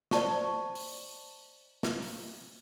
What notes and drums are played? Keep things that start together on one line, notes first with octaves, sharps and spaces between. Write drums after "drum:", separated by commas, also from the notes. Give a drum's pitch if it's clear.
C5 D5 A5 C#6, drum: snare
drum: open hi-hat
drum: snare
drum: open hi-hat